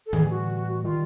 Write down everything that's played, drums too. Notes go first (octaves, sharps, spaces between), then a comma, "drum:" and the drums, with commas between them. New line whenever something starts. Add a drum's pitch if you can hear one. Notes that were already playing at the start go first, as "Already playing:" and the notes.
A4
A2 E3 G3 G#4, drum: tom D3
F#4
D#3 G3 F4